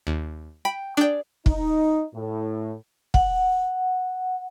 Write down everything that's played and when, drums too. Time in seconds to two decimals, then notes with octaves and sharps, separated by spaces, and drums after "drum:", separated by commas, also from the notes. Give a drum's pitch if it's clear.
0.07 D#2
0.65 G5 B5
0.97 D4 G#4 D5 G5
1.46 D#4, drum: kick
2.14 A2
3.14 F#5, drum: kick